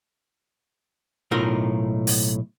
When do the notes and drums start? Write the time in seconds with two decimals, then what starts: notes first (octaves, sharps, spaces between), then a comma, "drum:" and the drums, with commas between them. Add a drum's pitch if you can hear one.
1.31 B1 A2 D#4 F4 A#4
2.07 drum: open hi-hat